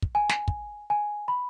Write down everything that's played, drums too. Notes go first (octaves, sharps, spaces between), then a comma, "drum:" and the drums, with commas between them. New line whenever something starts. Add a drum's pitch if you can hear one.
drum: kick
G#5
drum: snare
drum: kick
G#5
B5